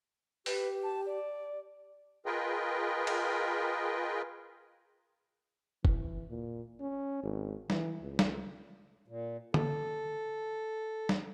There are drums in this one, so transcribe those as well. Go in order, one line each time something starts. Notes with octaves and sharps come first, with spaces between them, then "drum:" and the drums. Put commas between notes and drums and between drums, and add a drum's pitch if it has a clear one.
G4 B4, drum: open hi-hat
A5
D5
F4 G#4 A#4 B4 D#5 G5
drum: cymbal
E3, drum: kick F#1
A#2
C#4
G#1
E3, drum: snare
C#2
drum: snare
A#2
A4, drum: tom D3
drum: snare